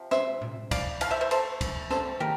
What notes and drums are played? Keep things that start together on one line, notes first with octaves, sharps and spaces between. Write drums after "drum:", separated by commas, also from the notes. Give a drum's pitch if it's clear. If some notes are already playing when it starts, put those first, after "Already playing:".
Already playing: C3 F3
C5 E5, drum: snare
drum: tom A2
D5 F5, drum: kick, cymbal
D3 A3 F5 A5, drum: cymbal
C5 E5
C5 E5
A4 C5, drum: cymbal
drum: kick, cymbal
A4 C5, drum: snare
D3 G4 A#4, drum: tom